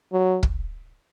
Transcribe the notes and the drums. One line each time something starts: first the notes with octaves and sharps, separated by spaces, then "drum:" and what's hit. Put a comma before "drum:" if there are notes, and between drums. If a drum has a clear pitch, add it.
F#3
drum: kick